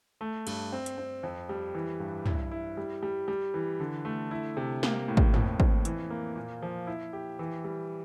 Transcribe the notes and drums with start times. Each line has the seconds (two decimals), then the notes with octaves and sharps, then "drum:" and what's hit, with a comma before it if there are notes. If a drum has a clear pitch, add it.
0.21 A3
0.47 G2, drum: cymbal
0.72 C4
0.86 drum: hi-hat
0.98 C4
1.23 F2
1.49 G3
1.75 E3
2.00 G2
2.26 E4, drum: tom
2.51 E4
2.77 G3
3.03 G3
3.28 G3
3.54 E3
3.80 D3
4.05 A3
4.31 E4
4.57 C3
4.83 A#3, drum: snare
5.08 A2
5.17 drum: kick
5.34 F2, drum: tom
5.60 F2, drum: kick
5.85 E3, drum: hi-hat
6.10 A#3
6.36 A#2
6.62 F3
6.87 E4
7.13 G4
7.39 E3
7.64 G3